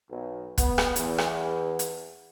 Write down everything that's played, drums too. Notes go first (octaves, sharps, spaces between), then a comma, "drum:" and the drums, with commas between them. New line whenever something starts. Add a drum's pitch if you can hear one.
B1
B3, drum: kick, hi-hat
drum: rim click
E2, drum: hi-hat
drum: rim click
drum: hi-hat